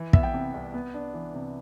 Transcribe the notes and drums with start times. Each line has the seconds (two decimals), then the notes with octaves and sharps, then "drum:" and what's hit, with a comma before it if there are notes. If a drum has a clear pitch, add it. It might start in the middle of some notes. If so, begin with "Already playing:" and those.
Already playing: E3
0.13 B3 E5, drum: kick
0.23 G5
0.34 C3
0.54 C2
0.74 B3
0.94 D4
1.14 E3
1.34 C3